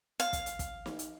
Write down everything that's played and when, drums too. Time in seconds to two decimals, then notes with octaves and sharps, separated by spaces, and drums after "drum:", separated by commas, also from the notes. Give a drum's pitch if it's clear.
0.20 F5, drum: hi-hat
0.33 drum: kick, hi-hat
0.46 drum: hi-hat
0.59 drum: kick, hi-hat
0.86 drum: snare
0.99 drum: hi-hat